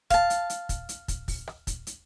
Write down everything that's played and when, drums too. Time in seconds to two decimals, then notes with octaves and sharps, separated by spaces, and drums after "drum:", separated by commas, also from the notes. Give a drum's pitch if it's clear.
0.10 F5 A5, drum: kick, hi-hat
0.30 drum: hi-hat
0.50 drum: hi-hat
0.69 drum: kick, hi-hat
0.89 drum: hi-hat
1.08 drum: kick, hi-hat
1.28 drum: kick, open hi-hat
1.47 drum: rim click
1.67 drum: kick, hi-hat
1.87 drum: hi-hat